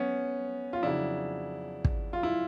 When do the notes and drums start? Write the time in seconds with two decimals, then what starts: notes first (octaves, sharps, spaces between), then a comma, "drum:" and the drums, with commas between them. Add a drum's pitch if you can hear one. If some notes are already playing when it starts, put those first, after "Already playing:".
Already playing: B3 C#4
0.73 F4
0.83 F2 C#3 F#3 D4 E4
1.84 drum: kick
2.13 F4
2.23 E4